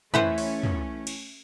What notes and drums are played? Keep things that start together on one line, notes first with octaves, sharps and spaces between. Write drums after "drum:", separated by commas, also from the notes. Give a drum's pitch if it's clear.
E3 A3 C#4 E4 B4 C5 F#5, drum: tom
drum: open hi-hat
drum: tom
drum: cymbal